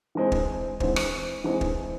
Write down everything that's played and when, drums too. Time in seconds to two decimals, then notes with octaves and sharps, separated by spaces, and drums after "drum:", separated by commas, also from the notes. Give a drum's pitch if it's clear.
0.15 E3 G#3 C4
0.32 drum: kick
0.80 E3 G#3 C4, drum: kick
0.96 drum: rim click
1.44 E3 G#3 C4
1.61 drum: kick